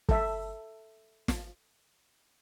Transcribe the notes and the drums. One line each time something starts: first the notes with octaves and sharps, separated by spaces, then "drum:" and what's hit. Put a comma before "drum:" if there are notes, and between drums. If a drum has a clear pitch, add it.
A4 E5, drum: kick
drum: snare